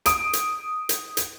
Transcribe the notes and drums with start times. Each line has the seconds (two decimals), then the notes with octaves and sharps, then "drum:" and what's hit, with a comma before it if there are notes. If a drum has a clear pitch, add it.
0.06 D#6 D7, drum: hi-hat
0.33 drum: hi-hat
0.89 drum: hi-hat
1.17 drum: hi-hat